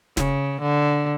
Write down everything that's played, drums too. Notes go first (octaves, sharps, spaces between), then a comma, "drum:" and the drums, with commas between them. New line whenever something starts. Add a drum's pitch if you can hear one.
C#3, drum: snare
D3